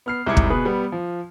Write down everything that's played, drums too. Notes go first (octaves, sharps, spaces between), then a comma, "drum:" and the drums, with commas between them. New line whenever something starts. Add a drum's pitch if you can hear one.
B3 F6 C7
C2 G#2 E4 D6 G#6 C#7
drum: kick
B2 G#4 B4 B5
G3 B3
F3